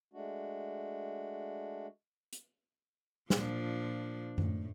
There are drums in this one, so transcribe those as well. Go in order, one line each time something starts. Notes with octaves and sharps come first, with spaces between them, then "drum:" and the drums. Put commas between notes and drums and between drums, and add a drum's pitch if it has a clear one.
G#3 A3 D4 F#4
drum: hi-hat
A#2 F3 D4, drum: snare
A2, drum: tom F#2